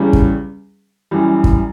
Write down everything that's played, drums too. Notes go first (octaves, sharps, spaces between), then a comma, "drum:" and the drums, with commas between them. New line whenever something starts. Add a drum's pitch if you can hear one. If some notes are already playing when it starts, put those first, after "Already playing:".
Already playing: E2 C#3 G3 C#4
drum: kick
F#2 E3 G3
drum: kick